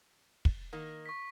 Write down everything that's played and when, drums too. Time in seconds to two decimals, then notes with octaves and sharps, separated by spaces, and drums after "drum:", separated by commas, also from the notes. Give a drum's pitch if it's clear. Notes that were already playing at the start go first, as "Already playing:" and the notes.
0.45 drum: kick
0.73 D#3 A#3
1.06 C#6 B6